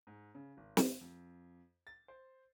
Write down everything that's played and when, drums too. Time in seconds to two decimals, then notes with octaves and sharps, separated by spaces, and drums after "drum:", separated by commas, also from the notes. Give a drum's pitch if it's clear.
0.07 G#2
0.35 C#3
0.57 G#1
0.77 drum: snare
1.01 F2
1.87 A6
2.08 C5